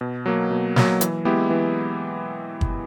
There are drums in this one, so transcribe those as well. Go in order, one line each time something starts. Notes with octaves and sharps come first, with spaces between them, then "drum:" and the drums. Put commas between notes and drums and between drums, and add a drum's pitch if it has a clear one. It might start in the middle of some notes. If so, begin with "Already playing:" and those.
B2
F#3 A#3
B2
F#3 A#3, drum: snare
E3, drum: hi-hat
G#3 B3 E4 G4
E3
drum: kick